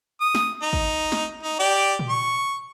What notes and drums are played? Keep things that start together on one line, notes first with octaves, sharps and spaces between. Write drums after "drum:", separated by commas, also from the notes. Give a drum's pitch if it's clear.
D#6
drum: snare
D#4
drum: kick
drum: snare
D#4
G4 D5
drum: tom A#2
C#6